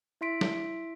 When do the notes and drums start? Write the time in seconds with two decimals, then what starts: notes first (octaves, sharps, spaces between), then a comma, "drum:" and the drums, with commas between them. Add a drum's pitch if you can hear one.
0.21 E4 E5 C6 B6 D7
0.41 drum: snare